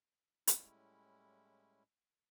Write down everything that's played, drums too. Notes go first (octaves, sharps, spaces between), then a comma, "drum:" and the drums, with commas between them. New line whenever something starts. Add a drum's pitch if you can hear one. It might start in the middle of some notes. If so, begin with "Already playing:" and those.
A2 G3 G#3 C#4 E4, drum: hi-hat